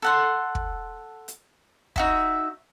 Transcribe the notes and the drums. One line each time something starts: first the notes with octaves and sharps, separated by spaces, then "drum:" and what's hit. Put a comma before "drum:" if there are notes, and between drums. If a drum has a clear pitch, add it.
A4 F#5 C6
drum: kick
drum: hi-hat
D#4 F#4 E5, drum: kick